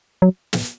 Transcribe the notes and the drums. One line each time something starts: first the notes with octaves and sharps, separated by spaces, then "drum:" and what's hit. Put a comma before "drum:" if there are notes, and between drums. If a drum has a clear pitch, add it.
F#3
drum: snare